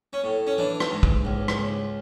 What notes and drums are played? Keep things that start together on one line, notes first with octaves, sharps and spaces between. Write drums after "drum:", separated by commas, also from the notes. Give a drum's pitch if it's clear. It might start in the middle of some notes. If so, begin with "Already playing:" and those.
C#4
A2
C#4
E3 D4
drum: rim click
G#2
drum: kick
C#2
drum: rim click
C#2